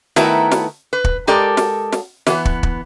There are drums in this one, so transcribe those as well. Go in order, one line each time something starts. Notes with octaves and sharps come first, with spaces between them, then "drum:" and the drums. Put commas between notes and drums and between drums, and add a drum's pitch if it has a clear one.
D#3 A3 B3 E4 A#4 B4, drum: snare
drum: snare
B4
drum: kick
G#3 G4 A4 A#4 D5
drum: snare
drum: snare
E3 B3, drum: snare
drum: kick
drum: kick